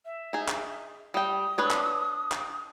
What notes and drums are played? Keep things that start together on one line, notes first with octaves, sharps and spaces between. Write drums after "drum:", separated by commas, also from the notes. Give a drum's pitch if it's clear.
E5
D#4 G#4
drum: clap
G3 G5 D#6
D4 B4 C#5
drum: clap
drum: clap